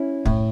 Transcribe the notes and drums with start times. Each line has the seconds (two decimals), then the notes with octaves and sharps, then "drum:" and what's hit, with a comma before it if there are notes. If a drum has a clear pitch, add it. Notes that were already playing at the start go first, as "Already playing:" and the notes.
Already playing: C#4 E4
0.26 A2, drum: kick